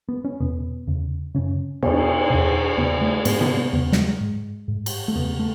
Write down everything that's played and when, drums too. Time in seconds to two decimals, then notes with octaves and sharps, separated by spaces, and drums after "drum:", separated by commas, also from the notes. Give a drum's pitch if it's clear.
0.09 B3
0.25 C#4
0.40 E2 B2 B3
0.87 E2 C#3
1.35 F#2 C#3 C#4
1.82 E2 B2 B3, drum: cymbal
2.30 E2 B2
2.77 E2 C#3 B3
3.02 A3
3.25 G#2 B3, drum: cymbal
3.41 B3, drum: tom C3
3.57 B3
3.73 E2 C#3 B3
3.92 F#3, drum: snare
3.97 G#3
4.20 G#2
4.68 G#2
4.86 drum: cymbal
5.08 A3
5.15 E2 C#3 B3
5.39 A3